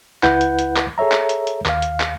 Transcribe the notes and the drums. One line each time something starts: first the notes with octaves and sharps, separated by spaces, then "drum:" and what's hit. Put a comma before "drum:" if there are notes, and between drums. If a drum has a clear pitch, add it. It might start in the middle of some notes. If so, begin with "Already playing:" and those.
C#2 E4 B4 F#5 G6, drum: clap
drum: hi-hat
drum: hi-hat
drum: clap
G#4 A4 C#5 E5 A#5
drum: clap
drum: hi-hat
drum: hi-hat
D#2 F5, drum: clap
drum: hi-hat
drum: clap